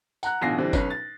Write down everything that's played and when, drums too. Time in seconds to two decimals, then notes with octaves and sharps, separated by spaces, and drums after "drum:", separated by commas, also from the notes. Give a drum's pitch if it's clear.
0.23 F#5 A#5 F#6, drum: tambourine
0.41 A1 B2 D3 F4 A#6 C7
0.58 D3 E3 G3 C4 D4
0.73 B1 C#4 B4, drum: kick, tambourine
0.90 A6